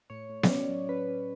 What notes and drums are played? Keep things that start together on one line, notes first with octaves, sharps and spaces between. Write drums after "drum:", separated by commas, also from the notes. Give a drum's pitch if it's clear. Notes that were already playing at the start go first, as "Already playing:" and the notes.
A2 C#5
A2
D5, drum: snare B3
C#4 C#5
F#3
C#4 B4
C#4